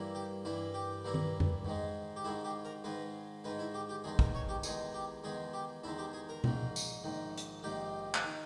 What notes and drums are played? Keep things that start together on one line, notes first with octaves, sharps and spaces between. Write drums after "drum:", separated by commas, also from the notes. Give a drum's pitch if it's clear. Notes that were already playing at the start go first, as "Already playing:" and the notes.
Already playing: G2 E3 A#3 E4
G4
G2 E3 A#3 E4
G4
G2 E3 A#3 E4
drum: tom D#3
drum: tom F2
G#2 D#3 G#3
G4
G#2 D#3 G#3 E4
G4
A#4
G#2 D#3 G#3 B4
G#2 D#3 G#3 B4
E4
G4
G4
E2 D#3 G#3 G#4
A#4, drum: kick
C#5
G4
E2 D#3 G#3 G#4, drum: tambourine
G4
E2 D#3 G#3 G#4
G4
E2 D#3 G#3 E4
G4
G#4
A#4
A#1 G#2 D#3, drum: tom B2
drum: tambourine
A#1 G#2 D#3
drum: hi-hat
A#1 G#2 D#3 G4
drum: clap
D#3